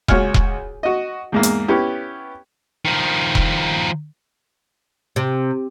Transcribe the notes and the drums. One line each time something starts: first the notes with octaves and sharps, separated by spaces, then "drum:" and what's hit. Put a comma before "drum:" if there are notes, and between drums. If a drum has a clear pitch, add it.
C#2 F#4 C#5 G#5 F6, drum: kick E1
drum: kick E1
F#4 D#5
E2 G#2 A#3
drum: hi-hat
B3 C#4 E4 G4
D#3 F3
drum: kick E1
C3